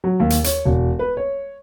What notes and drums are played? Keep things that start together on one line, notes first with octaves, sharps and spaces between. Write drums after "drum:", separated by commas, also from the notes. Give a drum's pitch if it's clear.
F#3
D#2
drum: hi-hat
C#5, drum: hi-hat
E1
B4
C#5